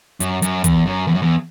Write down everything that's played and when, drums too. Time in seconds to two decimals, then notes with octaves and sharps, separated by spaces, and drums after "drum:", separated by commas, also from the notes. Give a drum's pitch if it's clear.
0.20 F#2, drum: hi-hat
0.42 F#2, drum: hi-hat
0.64 E2, drum: kick, hi-hat
0.86 F#2
1.07 E2
1.14 F#2
1.22 E2